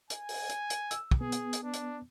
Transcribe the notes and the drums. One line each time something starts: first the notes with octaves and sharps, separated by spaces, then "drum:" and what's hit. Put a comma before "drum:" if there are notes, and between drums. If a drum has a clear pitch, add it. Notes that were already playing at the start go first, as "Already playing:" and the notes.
G#5, drum: hi-hat
drum: open hi-hat
drum: hi-hat
drum: hi-hat
E6, drum: hi-hat
drum: kick
B3 G#4
drum: hi-hat
drum: hi-hat
D4
drum: hi-hat